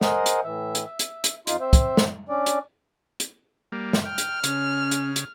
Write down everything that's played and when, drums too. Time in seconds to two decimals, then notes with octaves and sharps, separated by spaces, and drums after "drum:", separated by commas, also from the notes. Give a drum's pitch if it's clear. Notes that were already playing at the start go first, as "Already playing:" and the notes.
0.01 G#4 A#4 C5 D#5 F#5, drum: snare
0.26 drum: hi-hat
0.44 A2 E3 E5
0.75 drum: hi-hat
0.85 E5
0.99 drum: hi-hat
1.24 drum: hi-hat
1.47 F2 D#4 F4 C6, drum: hi-hat
1.60 C4 C5 E5
1.73 drum: kick, hi-hat
1.97 drum: snare
2.29 C#4 D4 D5
2.46 drum: hi-hat
3.20 drum: hi-hat
3.72 G3 A#3
3.93 drum: snare
4.05 G5 F6
4.18 drum: hi-hat
4.44 C#3 C#4, drum: hi-hat
4.91 drum: hi-hat
5.16 drum: hi-hat